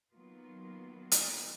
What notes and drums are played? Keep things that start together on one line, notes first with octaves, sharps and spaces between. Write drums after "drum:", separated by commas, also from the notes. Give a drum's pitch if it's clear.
D#3 F#3 A#3 B3 F4
drum: hi-hat